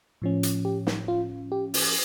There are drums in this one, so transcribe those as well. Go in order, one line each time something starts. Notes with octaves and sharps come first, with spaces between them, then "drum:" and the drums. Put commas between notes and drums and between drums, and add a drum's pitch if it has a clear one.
A2 F3 C#4
drum: hi-hat
G4
drum: snare
F4
G4
drum: open hi-hat